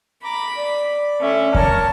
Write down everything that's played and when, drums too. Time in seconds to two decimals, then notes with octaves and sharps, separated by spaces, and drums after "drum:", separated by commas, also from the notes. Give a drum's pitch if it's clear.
0.24 A#5 B5 D6
0.57 D5
1.21 D3 A3 C#4 E5
1.55 A#4 C#5 A5, drum: kick E2